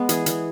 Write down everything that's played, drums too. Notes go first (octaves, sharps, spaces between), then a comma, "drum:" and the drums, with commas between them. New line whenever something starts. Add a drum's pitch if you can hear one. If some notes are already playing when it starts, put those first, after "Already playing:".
Already playing: G#3 B3
E3 G#4, drum: hi-hat
E3, drum: hi-hat